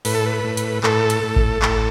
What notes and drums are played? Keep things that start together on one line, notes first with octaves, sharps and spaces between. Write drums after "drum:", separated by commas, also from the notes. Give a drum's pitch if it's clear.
A2 B4, drum: open hi-hat
A4
B4
A2
drum: hi-hat
A2 A4, drum: clap
drum: hi-hat
A2
drum: kick G#1
A2, drum: clap